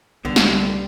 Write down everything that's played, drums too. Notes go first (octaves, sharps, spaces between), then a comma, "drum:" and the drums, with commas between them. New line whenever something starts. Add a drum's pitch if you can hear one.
C2 D3 G3 B3
drum: snare